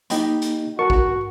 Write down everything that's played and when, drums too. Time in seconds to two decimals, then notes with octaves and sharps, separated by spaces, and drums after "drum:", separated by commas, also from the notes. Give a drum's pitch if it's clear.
0.10 A#3 D#4 G4 D#5 B5, drum: hi-hat
0.42 drum: hi-hat
0.79 F#4 A#4 A5 C#6
0.90 drum: kick A1